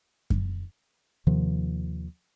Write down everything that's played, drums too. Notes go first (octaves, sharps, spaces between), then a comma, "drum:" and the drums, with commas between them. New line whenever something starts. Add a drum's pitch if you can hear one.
drum: kick F#2
D#2 C3 D#3 F3